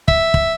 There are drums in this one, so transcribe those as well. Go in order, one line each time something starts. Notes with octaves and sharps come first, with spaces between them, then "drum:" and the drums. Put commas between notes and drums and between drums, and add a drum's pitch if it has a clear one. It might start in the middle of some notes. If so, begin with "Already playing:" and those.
E5, drum: kick
drum: kick